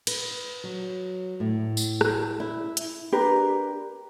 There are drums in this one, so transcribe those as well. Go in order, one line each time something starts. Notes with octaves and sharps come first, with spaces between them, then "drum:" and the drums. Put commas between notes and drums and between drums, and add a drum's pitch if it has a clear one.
B4, drum: cymbal
F#3
A2
drum: tambourine
drum: rim click
E4
drum: hi-hat
D4 G4 A#4 B4